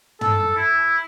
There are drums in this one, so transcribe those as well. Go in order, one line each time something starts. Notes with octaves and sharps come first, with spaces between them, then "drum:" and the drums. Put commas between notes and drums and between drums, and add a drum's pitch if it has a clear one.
A4, drum: tom
E4